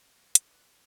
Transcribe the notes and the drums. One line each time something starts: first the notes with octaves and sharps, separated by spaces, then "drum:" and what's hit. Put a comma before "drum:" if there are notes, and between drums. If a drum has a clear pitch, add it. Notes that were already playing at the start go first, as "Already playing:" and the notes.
A#3
C5, drum: hi-hat
B4 D5
G#5